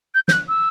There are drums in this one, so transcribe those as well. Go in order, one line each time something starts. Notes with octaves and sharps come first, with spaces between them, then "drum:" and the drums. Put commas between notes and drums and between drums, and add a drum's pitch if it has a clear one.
G6
G6, drum: snare
F#6
E6